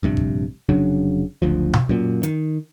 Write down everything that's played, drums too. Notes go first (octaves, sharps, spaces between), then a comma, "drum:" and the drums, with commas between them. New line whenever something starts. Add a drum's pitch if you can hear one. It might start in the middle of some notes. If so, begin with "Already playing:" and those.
A#1 G2 C3
drum: kick G#1
F1 C#3 F#3 D4
F#1 D2 F3
drum: tom B2
F#2 A#2
D#3, drum: hi-hat